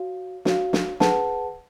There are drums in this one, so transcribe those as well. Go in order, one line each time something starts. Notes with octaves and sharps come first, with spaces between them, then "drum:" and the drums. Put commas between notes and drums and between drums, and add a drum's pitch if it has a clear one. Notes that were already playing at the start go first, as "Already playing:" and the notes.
Already playing: F#4 C#5 F5
F#4 C#5 F5, drum: snare
drum: snare
G#4 B4 F#5 A5, drum: snare